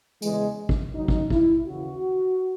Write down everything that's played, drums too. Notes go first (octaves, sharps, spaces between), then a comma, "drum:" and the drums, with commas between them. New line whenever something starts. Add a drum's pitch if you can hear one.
E2 C#3 E3 G#3, drum: tambourine
drum: kick
D#2 C#3 F#3 D#4
drum: kick
E4, drum: kick
D#2 C#3 E3 F#4